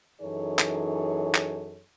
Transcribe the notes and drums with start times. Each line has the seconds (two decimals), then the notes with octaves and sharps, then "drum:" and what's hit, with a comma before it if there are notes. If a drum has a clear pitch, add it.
0.21 F#2 E3 D#4 G#4 A4 C#5
0.59 drum: clap
1.35 drum: clap